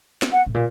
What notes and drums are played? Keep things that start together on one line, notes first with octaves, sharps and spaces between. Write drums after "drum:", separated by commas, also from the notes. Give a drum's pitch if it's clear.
drum: snare
F#5
A2
A#2